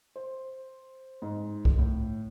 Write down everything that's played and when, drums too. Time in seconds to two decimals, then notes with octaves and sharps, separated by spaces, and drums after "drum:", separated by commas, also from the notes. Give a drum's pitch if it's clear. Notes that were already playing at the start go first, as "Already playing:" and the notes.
0.16 C5
1.22 G#2
1.65 drum: kick C2
1.78 A2